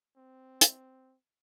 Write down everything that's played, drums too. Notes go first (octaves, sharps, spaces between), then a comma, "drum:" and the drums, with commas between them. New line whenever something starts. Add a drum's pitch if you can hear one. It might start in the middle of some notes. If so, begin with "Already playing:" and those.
C4
drum: hi-hat